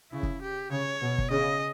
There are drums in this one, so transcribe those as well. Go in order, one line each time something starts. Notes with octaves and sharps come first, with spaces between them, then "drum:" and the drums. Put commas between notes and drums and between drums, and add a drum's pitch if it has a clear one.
C#3 E4
drum: kick
G4
C#3 C#5
B2
drum: kick
C#3 D#5